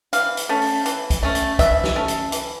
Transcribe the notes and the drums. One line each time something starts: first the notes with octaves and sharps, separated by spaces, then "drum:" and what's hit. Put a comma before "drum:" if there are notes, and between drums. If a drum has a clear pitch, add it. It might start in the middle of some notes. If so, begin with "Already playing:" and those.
E3 F5, drum: hi-hat
drum: hi-hat
A3 C#4
drum: open hi-hat
E3, drum: hi-hat
drum: kick, hi-hat
A3 C#4
drum: hi-hat
E3 E5, drum: kick, hi-hat
drum: snare
A3 C#4
drum: hi-hat
E3, drum: hi-hat